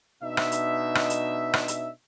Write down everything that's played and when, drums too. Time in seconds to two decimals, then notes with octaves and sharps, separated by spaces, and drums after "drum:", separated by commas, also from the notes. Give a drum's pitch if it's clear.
0.23 B2 D4 D#4 E5
0.37 drum: rim click
0.52 drum: hi-hat
0.95 drum: rim click
1.10 drum: hi-hat
1.53 drum: rim click
1.68 drum: hi-hat